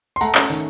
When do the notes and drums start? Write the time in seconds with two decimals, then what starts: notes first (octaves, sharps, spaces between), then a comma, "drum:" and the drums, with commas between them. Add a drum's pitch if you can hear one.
0.16 C6
0.21 A3 F#5 A#5, drum: tambourine
0.35 C#4, drum: clap
0.50 D#3, drum: tambourine